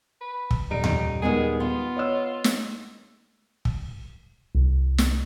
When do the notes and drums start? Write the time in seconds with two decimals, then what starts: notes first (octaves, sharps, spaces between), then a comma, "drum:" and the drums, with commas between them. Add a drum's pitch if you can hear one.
0.21 B4
0.51 drum: kick
0.71 D#1 D#4 D5 D7
0.84 drum: tom E2
1.22 D#3 G#3 B3 G#4
1.60 B3 F4
1.97 C#5 D#5 E6
2.44 drum: snare
3.65 drum: kick
4.55 C2
4.98 drum: snare